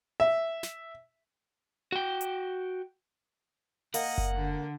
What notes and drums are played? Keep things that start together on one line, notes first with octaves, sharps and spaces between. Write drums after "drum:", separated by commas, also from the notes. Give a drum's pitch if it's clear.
E5
drum: snare
F#4 G5
drum: hi-hat
A#3 D#5 F#5, drum: open hi-hat
drum: kick F#1
D3